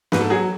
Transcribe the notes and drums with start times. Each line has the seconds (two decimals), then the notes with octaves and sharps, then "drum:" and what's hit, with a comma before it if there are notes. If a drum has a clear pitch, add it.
0.12 G#2 B4, drum: snare
0.21 A4
0.30 F#3 G#4